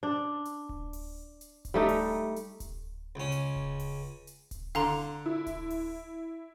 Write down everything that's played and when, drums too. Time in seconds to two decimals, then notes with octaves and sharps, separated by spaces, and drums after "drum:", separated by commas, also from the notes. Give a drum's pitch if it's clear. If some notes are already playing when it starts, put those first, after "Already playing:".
0.03 D4
0.45 drum: hi-hat
0.69 drum: kick D1
0.93 drum: open hi-hat
1.41 drum: hi-hat
1.65 drum: kick D1, hi-hat
1.74 G3 A3 D#4
1.89 drum: open hi-hat
2.36 drum: hi-hat
2.60 drum: kick D1, hi-hat
3.15 C#2 C#4
3.32 drum: hi-hat
3.56 drum: kick D1
3.79 drum: open hi-hat
4.27 drum: hi-hat
4.51 drum: kick D1, hi-hat
4.75 D3 F5 A#5 C6, drum: open hi-hat
5.26 E4
5.47 drum: kick D1, hi-hat
5.70 drum: open hi-hat